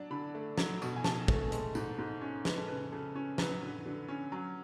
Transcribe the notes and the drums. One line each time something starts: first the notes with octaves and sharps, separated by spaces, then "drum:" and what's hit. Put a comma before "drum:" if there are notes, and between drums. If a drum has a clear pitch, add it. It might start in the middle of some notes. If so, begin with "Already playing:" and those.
Already playing: F#3 D4 A5
D3 B5
A3
F#3, drum: snare
B2, drum: tambourine
G#5
B2 A5, drum: snare
A3, drum: kick
G#3, drum: hi-hat
G#2, drum: tambourine
G#2
C#4
G#3 B4, drum: snare
A4
C#3 B4
C#3 A4
C#4
F#3 B4, drum: snare
D3
D3
C#4
F#3